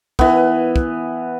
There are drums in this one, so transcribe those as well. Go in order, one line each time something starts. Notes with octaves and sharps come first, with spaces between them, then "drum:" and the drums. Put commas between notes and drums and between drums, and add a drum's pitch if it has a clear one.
E3 B3, drum: kick
drum: kick